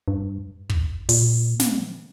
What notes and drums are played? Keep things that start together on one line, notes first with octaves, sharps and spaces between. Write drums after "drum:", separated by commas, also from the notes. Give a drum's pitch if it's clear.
G2
drum: kick
A#2, drum: open hi-hat
drum: snare